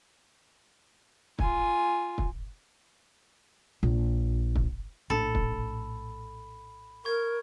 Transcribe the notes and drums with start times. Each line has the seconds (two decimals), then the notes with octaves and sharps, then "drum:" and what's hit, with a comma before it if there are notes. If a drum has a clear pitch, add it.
1.39 F4 G#5, drum: kick
2.18 drum: kick
3.83 A#1
4.55 drum: kick
5.10 A#1 A2 D4 A4 B5
5.35 drum: kick
7.05 A#4 C#6 G#6